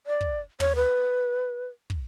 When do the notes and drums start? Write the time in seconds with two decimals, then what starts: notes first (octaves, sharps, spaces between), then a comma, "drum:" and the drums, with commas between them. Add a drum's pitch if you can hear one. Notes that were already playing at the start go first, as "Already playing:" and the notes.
0.06 D5
0.21 drum: kick
0.60 C#5, drum: tom
0.76 B4
1.90 drum: kick